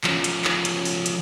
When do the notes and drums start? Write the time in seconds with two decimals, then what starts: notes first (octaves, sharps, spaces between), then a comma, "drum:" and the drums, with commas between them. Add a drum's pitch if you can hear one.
0.04 F3 C#4, drum: clap
0.24 drum: hi-hat
0.45 drum: clap
0.65 drum: hi-hat
0.85 drum: open hi-hat
1.06 drum: hi-hat